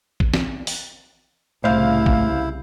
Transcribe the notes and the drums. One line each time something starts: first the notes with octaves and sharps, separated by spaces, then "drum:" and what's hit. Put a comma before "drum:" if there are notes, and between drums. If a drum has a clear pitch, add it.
drum: kick A1
drum: snare
drum: open hi-hat
C2 A2 C#3 E4 C5 F5
drum: kick A1